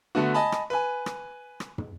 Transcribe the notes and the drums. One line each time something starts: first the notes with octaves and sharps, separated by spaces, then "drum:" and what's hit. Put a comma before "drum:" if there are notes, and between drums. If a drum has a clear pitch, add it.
D3 A3 B3 F#4
D#5 G#5 A5 B5
drum: rim click
B4 G#5
drum: rim click
drum: rim click
drum: tom